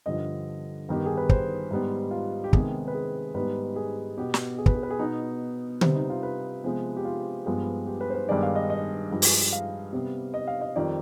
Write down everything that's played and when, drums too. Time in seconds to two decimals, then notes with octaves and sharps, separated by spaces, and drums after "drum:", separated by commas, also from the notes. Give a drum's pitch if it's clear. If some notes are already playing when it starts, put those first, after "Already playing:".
0.06 G2 D3 F3 D#5
0.89 G2 D#3 B3 G4
1.06 G#4
1.17 B4
1.29 C5, drum: kick
1.71 G#2 G3 B3
2.11 F4
2.44 G4
2.53 C3 D#3 G#3 B3 G#4, drum: kick
2.88 B4
2.94 G#4
3.34 G#2 G3 B3 B4
3.76 G#4
4.17 B2 B3 G4
4.34 drum: snare
4.58 G#4
4.66 B4, drum: kick
4.75 G#4
4.83 B4
4.90 G#4
4.99 B2 B3 D#4
5.81 C3 G3 B3 C5, drum: tom D3
5.95 D#4
6.10 F4
6.23 B4
6.64 C3 F3 G#3 B3
6.96 G4
7.05 F4
7.46 G2 F3 G#3 B3
7.87 G4
8.01 B4
8.10 C5
8.15 B4
8.29 G2 D#3 G#3 B3 D5
8.43 F5
8.55 D#5
8.70 D#5
9.11 G2 F3 G#3
9.22 drum: open hi-hat
9.52 F5
9.93 C3 G3 B3
10.34 D#5
10.47 F5
10.61 D#5
10.76 F2 D#3 G3 D5